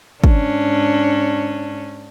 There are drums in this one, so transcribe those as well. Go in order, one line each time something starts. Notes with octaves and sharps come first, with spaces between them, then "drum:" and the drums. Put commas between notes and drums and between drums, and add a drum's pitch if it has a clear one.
G#2 C#4 D4, drum: kick